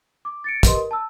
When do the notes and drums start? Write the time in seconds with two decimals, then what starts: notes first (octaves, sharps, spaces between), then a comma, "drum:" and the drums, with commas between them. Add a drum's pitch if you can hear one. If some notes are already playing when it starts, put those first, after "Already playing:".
0.25 D6
0.44 A6 C#7 D7
0.63 G4 A#4 B4 D#5 C6, drum: kick, hi-hat
0.75 A#4
0.91 A5 E6